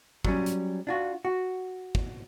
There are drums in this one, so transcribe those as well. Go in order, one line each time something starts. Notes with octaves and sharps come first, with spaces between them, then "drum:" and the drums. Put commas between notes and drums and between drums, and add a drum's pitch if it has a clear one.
F#3 G3 C#4, drum: kick
drum: hi-hat
D4 F4 F#4
F#4
drum: kick